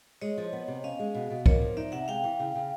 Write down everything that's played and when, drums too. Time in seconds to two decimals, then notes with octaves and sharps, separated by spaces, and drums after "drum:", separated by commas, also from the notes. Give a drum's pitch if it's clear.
0.21 G#3 C#5 D#5
0.38 F3
0.53 B3
0.68 C3
0.84 C#4 D#5 F5
0.99 G#3
1.15 B2
1.30 B2
1.46 A#3 C#5 D#5, drum: kick B1
1.62 F3
1.77 D#4 D5 E5
1.92 C3 E5 F#5
2.08 G#3 F5 G5
2.24 E3
2.40 C#3
2.55 C#3